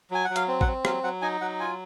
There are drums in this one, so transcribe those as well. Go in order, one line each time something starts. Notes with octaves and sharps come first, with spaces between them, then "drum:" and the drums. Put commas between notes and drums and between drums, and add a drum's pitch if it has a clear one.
F#3 G#5
F#5
F#3
F5, drum: hi-hat
C4
F#5, drum: kick A1
C4
F#3 F5, drum: rim click
F#3 F#5
D#4 G#5
F#3 F#5
F4 G#5